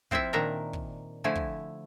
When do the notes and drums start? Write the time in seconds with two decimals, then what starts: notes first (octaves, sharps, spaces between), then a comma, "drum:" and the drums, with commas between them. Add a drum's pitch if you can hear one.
0.11 F3 C4 E4 F4 E5, drum: kick
0.33 A#2 D#3 D4 A#4 E5 A#5
0.73 drum: kick
1.24 D3 F3 A3 E4 G#5
1.35 drum: kick